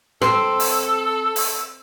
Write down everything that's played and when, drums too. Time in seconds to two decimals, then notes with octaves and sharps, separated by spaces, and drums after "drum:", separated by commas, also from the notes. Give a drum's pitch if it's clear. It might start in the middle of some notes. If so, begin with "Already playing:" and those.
0.22 C4 A4 E6, drum: rim click
0.60 drum: open hi-hat
1.36 drum: open hi-hat